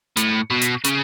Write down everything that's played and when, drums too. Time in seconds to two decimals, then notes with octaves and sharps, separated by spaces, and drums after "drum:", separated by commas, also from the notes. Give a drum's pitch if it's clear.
0.17 A2, drum: hi-hat
0.50 B2
0.62 drum: hi-hat
0.84 C#3, drum: hi-hat